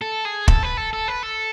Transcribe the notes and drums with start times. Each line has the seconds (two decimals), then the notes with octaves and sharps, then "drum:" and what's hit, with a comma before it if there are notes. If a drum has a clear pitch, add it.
0.01 A4
0.25 G#4
0.48 A4, drum: kick
0.63 B4
0.77 A4
0.93 A4
1.08 B4
1.23 A4